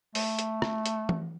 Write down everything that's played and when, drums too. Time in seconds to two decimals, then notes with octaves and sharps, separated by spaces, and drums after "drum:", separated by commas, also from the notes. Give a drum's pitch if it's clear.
0.15 A3, drum: open hi-hat
0.39 drum: hi-hat
0.62 drum: rim click
0.86 drum: hi-hat
1.09 drum: tom E3